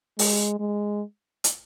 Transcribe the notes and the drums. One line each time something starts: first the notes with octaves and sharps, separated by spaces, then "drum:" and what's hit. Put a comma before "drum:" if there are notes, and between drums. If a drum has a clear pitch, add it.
G#3, drum: open hi-hat
G#3
drum: hi-hat